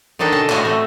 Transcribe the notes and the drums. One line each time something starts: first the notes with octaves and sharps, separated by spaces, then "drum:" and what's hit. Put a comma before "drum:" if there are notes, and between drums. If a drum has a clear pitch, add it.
D#3 B3 D4 D#4 A4 G5
B2 D3 C#4 D#5 A5
A2 F#4 C#5 D#5 G#5 A5, drum: clap
A3 C4 A4